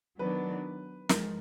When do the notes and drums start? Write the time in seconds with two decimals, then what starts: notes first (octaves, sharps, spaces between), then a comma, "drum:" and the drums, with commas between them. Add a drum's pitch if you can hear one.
0.19 D#3 F#3 B3 D4 B4
1.09 G#2 F3 G#3 A#4, drum: snare